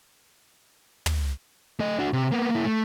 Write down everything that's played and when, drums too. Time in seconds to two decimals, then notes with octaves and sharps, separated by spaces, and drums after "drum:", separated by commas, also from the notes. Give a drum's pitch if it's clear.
1.06 drum: tom
1.80 A3 D#5
1.99 D4 F#4
2.13 C3
2.32 A#3 B3
2.51 A#3 E4
2.65 A3